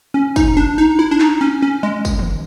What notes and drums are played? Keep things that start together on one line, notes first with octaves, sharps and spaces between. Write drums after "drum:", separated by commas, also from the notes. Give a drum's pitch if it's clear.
C#4
D#4, drum: kick, tambourine
D4
D#4
E4
D4
D#4, drum: clap
C#4
C#4
G#3
drum: kick, tambourine
drum: tom